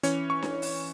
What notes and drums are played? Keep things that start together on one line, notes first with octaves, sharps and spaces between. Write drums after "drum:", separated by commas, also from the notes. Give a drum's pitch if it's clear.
E3 C#4 C#5, drum: hi-hat
C#6
drum: snare D4
drum: open hi-hat